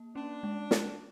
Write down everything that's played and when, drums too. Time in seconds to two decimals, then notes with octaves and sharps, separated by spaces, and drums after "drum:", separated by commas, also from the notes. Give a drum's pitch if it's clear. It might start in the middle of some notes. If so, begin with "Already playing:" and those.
Already playing: A#3
0.15 C#4 D4
0.43 G#3
0.71 G#3, drum: snare